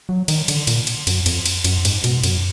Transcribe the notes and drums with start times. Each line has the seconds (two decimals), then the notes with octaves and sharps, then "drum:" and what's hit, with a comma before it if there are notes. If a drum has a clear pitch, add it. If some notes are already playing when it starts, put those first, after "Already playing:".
0.09 F#3
0.28 D#3, drum: cymbal
0.48 D3, drum: cymbal
0.67 A#2, drum: cymbal
0.87 drum: cymbal
1.07 F#2, drum: cymbal
1.26 F2, drum: cymbal
1.46 drum: cymbal
1.64 F#2, drum: cymbal
1.85 G#2, drum: cymbal
2.04 B2, drum: cymbal
2.23 F#2, drum: cymbal